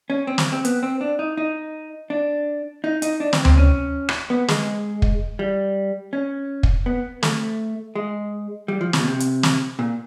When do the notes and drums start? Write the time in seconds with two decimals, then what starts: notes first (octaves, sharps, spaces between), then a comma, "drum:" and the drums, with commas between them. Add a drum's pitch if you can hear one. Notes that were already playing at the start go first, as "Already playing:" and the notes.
0.10 C#4
0.27 C4
0.38 drum: snare
0.53 C4
0.65 B3, drum: hi-hat
0.83 C4
1.01 D4
1.19 D#4
1.37 D#4
2.10 D4
2.84 D#4
3.02 D#4, drum: hi-hat
3.20 D4
3.33 C4, drum: snare
3.45 C4, drum: tom D2
3.57 C#4
4.09 drum: rim click
4.30 B3
4.48 G#3, drum: snare
5.02 drum: kick
5.39 G3
6.13 C#4
6.63 drum: kick
6.86 B3
7.23 A3, drum: snare
7.95 G#3
8.68 G3
8.81 F3
8.93 C3, drum: snare
9.00 B2
9.08 C3
9.20 drum: hi-hat
9.43 drum: snare
9.79 A#2